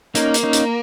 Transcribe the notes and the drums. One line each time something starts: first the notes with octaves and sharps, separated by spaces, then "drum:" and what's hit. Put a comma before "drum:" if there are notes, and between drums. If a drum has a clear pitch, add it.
A#3 C#4 D#4, drum: hi-hat
drum: hi-hat
C#4 D#4
drum: hi-hat